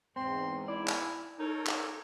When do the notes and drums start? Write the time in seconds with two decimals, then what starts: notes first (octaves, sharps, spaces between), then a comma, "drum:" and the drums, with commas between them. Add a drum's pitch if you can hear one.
0.16 E2 G#2 C4 C6
0.68 E4 D5
0.88 drum: clap
1.39 D#4 A4 A#4 C#5
1.66 drum: clap